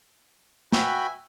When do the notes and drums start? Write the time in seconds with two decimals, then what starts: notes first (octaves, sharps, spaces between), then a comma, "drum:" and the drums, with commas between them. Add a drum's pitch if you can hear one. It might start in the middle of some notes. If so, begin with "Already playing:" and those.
0.72 F#4 B4 E5 G5 G#5 B5, drum: snare